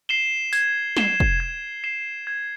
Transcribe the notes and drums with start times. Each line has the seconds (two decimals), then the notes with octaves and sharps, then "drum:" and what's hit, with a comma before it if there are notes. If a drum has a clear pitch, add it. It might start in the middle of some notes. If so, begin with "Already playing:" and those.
0.09 C7 E7 G7
0.53 G#6, drum: tambourine
0.97 C7 E7 G7, drum: snare
1.20 drum: kick
1.40 G#6
1.84 C7 E7 G7
2.27 G#6